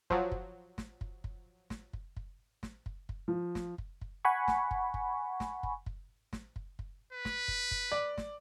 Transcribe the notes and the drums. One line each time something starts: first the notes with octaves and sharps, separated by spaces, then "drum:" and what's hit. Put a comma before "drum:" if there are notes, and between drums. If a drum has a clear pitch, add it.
F3 F#3, drum: kick
drum: kick
drum: snare
drum: kick
drum: kick
drum: snare
drum: kick
drum: kick
drum: snare
drum: kick
drum: kick
F3
drum: snare
drum: kick
drum: kick
F#5 G#5 B5 C#6
drum: snare
drum: kick
drum: kick
drum: snare
drum: kick
drum: kick
drum: snare
drum: kick
drum: kick
B4
drum: snare
drum: kick
drum: kick
D5
drum: snare